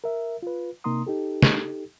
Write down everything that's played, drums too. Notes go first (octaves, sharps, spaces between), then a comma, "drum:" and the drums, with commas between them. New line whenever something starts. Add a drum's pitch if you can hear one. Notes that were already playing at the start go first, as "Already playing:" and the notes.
A#4 E5
F4 B4
C3 A#3 D#4 A#5 C6 D#6
D#4 G4 A4
drum: snare